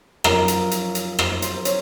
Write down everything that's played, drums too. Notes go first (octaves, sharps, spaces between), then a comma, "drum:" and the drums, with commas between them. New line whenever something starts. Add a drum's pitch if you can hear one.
F#2 F3 A#4, drum: rim click
drum: hi-hat
drum: hi-hat
drum: hi-hat
C5, drum: rim click
C5, drum: hi-hat
C#5, drum: hi-hat